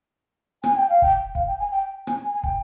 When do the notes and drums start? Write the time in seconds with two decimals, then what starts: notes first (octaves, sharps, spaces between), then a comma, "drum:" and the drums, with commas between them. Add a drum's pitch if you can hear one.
0.64 G#5, drum: rim click
0.76 G5
0.89 F5
1.02 G5, drum: kick
1.35 F5, drum: kick
1.48 G5
1.60 G#5
1.71 G5
2.07 G#5, drum: rim click
2.25 G#5
2.35 G#5
2.44 G5, drum: kick